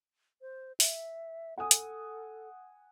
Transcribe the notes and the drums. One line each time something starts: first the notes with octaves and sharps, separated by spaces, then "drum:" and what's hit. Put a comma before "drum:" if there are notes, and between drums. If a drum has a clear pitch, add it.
C5
E5, drum: open hi-hat
A4 F#5 G#5 D#6
drum: hi-hat